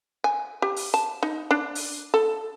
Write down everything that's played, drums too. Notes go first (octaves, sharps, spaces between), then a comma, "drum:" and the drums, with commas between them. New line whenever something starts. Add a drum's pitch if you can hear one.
G#5
G4
drum: open hi-hat
A5
D#4
D4
drum: open hi-hat
A4